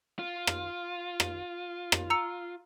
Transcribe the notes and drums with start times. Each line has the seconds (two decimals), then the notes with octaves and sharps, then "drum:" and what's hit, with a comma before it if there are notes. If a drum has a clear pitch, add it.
0.19 F4
0.47 drum: rim click
1.20 drum: rim click
1.92 drum: rim click
2.10 A#5 E6 C#7